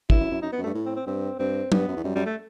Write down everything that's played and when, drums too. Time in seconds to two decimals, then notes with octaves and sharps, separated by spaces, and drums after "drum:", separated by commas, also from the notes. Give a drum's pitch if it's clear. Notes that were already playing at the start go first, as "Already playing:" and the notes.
0.10 G2 E4, drum: kick
0.20 F#2
0.31 F#2
0.42 F#2 D#4
0.52 B3
0.58 F#2
0.63 G2 A3
0.74 A2
0.85 C4
0.96 C4
1.07 G2 C4
1.39 G2 C4
1.72 G2 B3, drum: tom
1.88 F#2
1.97 E2
2.04 F#2 G3
2.15 F#2 G3
2.26 A3